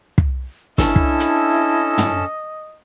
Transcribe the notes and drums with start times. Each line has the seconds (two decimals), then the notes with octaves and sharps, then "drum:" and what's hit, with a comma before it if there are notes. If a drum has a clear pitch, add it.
0.18 drum: kick
0.78 C#4 D4 E4 A4 D#5 E6, drum: snare
0.96 drum: kick
1.20 drum: hi-hat
1.98 drum: tom